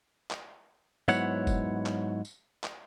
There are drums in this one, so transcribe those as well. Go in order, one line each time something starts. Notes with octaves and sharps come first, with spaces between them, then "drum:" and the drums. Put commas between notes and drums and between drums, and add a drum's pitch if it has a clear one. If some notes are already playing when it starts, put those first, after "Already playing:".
drum: clap
G#2 F#3 B3 E4 C#5 F#5, drum: tambourine
drum: kick F1, tambourine
drum: clap
drum: tambourine
drum: clap